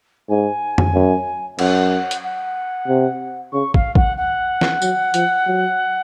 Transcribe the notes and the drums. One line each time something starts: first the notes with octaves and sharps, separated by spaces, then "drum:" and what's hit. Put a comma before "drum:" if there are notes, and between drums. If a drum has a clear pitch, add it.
G#2 G#5
drum: tom F2
F#2
F#2 F#5, drum: cymbal
drum: hi-hat
F#5
C3
C#3 C#6
F5, drum: kick
F#5, drum: kick
F#5
drum: snare
F#3, drum: tambourine
F3, drum: hi-hat
F#3